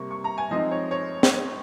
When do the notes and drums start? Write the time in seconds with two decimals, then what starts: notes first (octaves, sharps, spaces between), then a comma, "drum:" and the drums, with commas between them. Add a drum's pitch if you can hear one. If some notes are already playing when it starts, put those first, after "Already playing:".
Already playing: C3 G3 A#3 C#6
0.11 C#6
0.24 A#5
0.38 G#5
0.51 F3 G#3 C4 D#4 D#5
0.71 C#5
0.91 C#5
1.23 drum: snare